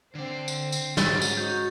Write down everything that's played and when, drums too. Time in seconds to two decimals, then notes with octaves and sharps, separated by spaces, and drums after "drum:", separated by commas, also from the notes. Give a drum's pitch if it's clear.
0.15 D3 C4 C5 D5
0.48 drum: tambourine
0.72 drum: tambourine
0.97 G#2 C#4 F#4 A6, drum: snare
1.22 drum: tambourine
1.37 D#4 F#4 G6